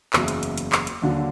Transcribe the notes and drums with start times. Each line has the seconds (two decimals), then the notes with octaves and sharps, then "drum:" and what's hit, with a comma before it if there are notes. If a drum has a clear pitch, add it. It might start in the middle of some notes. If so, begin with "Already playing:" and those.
0.13 F#1 E2 C#3 F#3, drum: clap
0.28 drum: hi-hat
0.43 drum: hi-hat
0.58 drum: hi-hat
0.72 drum: clap
0.87 drum: hi-hat
1.02 D#2 D3 F#3